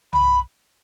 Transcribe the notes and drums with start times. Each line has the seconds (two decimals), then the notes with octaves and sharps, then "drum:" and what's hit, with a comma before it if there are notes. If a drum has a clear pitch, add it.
0.13 B5, drum: tom